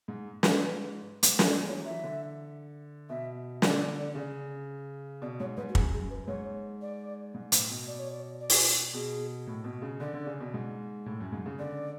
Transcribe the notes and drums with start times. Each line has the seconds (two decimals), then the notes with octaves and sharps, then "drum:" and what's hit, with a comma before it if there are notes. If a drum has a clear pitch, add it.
0.08 G#2
0.43 G#2 B4, drum: snare
1.23 G#2, drum: hi-hat
1.39 drum: snare
1.50 D5
1.62 G#3
1.68 C#5
1.71 E3
1.77 F#3
1.85 E3 E5
2.04 D3
3.09 B2 E5
3.62 D3 D5, drum: snare
4.15 C#3
5.22 B2 D5
5.40 G#2 C#5
5.57 G#2 B4
5.69 F#4
5.75 F#2 G#4, drum: kick
5.93 G#4
6.01 F#2
6.10 B4
6.28 G#2 C#5
6.82 D5
7.35 G#2
7.52 A2, drum: hi-hat
7.70 B2
7.87 D5
7.99 C#5
8.12 D5
8.41 D5
8.50 drum: open hi-hat
8.94 B2 G#4
9.47 A2
9.64 B2
9.82 C#3
10.00 D3 D5
10.14 D3
10.27 C#3
10.40 B2
10.54 G#2
11.06 A2
11.20 F#2
11.32 G#2
11.46 C#3
11.59 D3 D5